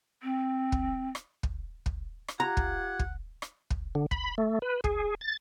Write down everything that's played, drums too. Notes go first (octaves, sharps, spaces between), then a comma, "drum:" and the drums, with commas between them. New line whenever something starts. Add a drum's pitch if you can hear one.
C4
drum: kick
drum: rim click
drum: kick
drum: kick
drum: rim click
F4 G4 F#5 A#5 G#6
drum: kick
drum: kick
drum: rim click
drum: kick
D3
B5, drum: kick
A3
B4
G#4, drum: kick
A6